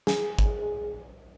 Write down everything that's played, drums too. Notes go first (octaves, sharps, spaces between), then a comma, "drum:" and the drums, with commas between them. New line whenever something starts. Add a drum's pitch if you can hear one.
G#4, drum: snare
drum: kick